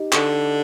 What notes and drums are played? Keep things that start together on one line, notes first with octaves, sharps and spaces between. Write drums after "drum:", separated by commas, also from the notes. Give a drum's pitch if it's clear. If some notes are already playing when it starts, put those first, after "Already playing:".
Already playing: D#4 G4
D3, drum: clap